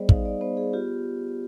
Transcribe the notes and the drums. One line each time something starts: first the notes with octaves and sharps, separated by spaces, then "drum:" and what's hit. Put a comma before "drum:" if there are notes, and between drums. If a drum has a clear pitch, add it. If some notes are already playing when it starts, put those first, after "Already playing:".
Already playing: G3 B3 G#4 C5 D5 D#5
D#4 F5, drum: kick
D5
B3 C5
G#4
F4 G4